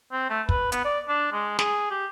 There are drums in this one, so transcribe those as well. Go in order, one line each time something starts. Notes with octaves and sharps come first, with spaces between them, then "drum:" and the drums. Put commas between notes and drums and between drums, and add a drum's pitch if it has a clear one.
C4
A3
B4, drum: kick
B3, drum: hi-hat
D5
D4
G#3
G#4, drum: snare
G4